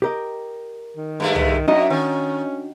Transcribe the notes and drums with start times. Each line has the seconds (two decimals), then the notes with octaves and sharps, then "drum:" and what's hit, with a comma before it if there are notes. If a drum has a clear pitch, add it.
0.02 G4 A#4 D#5
0.97 D#3
1.20 G2 G#3 A3
1.35 drum: tom
1.68 F#2 D4 D#4 F#4 D#5
1.90 D#3 C#4